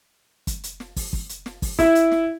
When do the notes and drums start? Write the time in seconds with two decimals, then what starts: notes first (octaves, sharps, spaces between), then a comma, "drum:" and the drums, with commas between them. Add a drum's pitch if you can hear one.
0.47 drum: kick, hi-hat
0.64 drum: hi-hat
0.80 drum: snare
0.96 drum: kick, open hi-hat
1.13 drum: kick
1.29 drum: hi-hat
1.46 drum: snare
1.62 drum: kick, open hi-hat
1.79 E4, drum: kick, hi-hat
1.95 drum: hi-hat
2.12 drum: snare